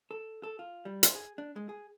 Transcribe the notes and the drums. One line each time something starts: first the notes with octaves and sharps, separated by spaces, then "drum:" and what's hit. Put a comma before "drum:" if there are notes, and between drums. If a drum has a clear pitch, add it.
A4
A4
F4
G3
C5, drum: hi-hat
G#4
D4
G#3
G#4